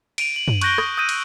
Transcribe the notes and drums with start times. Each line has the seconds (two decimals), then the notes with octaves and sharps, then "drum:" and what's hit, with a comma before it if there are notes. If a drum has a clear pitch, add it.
0.18 D7 D#7 F7, drum: cymbal
0.36 F#7
0.48 drum: tom
0.61 C#6 F#6 G6 A#6 D7 G7, drum: cymbal
0.78 D#6, drum: rim click
0.97 D#6 E6 G6 A#6 D#7
1.09 drum: cymbal